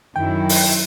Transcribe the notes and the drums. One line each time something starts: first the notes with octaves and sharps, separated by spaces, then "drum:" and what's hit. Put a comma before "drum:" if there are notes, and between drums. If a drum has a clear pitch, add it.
F#2 D#3 E4 G5
drum: open hi-hat